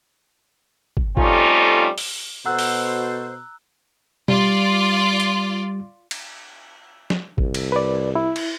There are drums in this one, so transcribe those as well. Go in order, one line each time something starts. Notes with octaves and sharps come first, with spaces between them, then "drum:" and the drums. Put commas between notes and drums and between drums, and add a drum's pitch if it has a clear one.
drum: kick
F2 G3 A3 C#4 D#4 F4, drum: kick
drum: open hi-hat
B2 F#4 A4 C5 F#5 A#5 E6 F#6
drum: open hi-hat
G3 F4 D5, drum: tom B2
drum: hi-hat
drum: cymbal
drum: snare
C2, drum: kick
drum: cymbal
B4 D5
E4
drum: cymbal